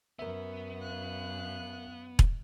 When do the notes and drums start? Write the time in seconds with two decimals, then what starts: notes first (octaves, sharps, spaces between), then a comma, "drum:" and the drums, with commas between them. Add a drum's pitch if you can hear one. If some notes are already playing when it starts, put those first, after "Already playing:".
0.19 F#2 B3 A#4 E5
0.80 F5 F#6
2.19 drum: kick E1